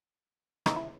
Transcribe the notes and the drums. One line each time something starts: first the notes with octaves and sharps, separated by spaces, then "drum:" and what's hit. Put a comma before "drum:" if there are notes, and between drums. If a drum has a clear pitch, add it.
D#2 C#3 E3 D#4, drum: rim click
E4